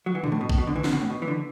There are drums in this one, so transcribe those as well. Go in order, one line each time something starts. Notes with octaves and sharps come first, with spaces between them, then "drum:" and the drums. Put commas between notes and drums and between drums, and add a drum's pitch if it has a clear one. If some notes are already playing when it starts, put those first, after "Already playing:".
F#3
E3
D3, drum: tom
A2
B2
A2, drum: kick A1
B2
D3
E3
D3, drum: snare
B2
A2
B2
E3
D3